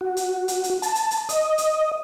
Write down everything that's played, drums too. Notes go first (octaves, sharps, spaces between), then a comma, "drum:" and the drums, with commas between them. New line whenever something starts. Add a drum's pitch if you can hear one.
F#4
drum: hi-hat
drum: hi-hat
drum: hi-hat
A5, drum: hi-hat
drum: hi-hat
drum: hi-hat
D#5, drum: hi-hat
drum: hi-hat